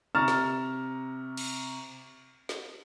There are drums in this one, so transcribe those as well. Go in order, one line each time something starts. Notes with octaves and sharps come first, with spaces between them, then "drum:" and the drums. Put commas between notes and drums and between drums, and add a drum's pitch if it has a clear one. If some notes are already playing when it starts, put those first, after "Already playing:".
C3 A#5 C#6 F6 A6 E7
drum: snare
drum: cymbal
drum: snare